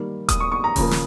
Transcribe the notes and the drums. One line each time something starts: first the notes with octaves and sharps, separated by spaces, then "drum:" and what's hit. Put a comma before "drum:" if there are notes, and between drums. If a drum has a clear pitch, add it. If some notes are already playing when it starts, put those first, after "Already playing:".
Already playing: D#3 G3 A#3
D#6, drum: kick D#1, hi-hat
C#6
C#6
A#5
C#3 F3 A#3, drum: kick D#1, open hi-hat
drum: snare